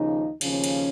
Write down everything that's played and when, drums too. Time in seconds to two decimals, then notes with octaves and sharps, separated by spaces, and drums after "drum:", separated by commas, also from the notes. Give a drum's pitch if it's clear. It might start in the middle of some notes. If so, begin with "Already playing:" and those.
Already playing: D#2 C#3 F3 D#4
0.41 D#2 C#3 F3 C#4, drum: cymbal
0.64 drum: cymbal